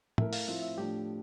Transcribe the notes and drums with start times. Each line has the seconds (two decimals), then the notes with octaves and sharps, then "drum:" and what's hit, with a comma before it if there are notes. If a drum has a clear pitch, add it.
0.18 A3 E4 A#4 E5, drum: tom
0.33 F5, drum: open hi-hat
0.48 A2 F3 C4 E4 E5
0.62 E5
0.78 A2 F3 A3 D4 G4